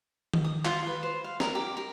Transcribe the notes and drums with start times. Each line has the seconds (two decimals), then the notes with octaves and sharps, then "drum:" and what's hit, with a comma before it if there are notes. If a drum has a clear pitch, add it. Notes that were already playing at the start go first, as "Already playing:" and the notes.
0.34 drum: tom D#3
0.44 D#6
0.65 F4, drum: clap
0.87 B4
1.03 C5
1.24 F5
1.40 A#4, drum: snare
1.55 G4
1.77 A#4